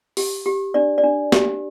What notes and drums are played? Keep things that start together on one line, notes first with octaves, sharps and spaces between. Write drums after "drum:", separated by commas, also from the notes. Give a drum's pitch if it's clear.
G4, drum: open hi-hat
G4
D4 D5
D5
D4
G4, drum: snare